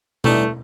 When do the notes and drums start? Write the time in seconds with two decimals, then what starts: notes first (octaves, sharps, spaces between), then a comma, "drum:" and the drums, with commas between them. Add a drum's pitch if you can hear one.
0.24 E3 G3 A3 D#4 G4, drum: tom B2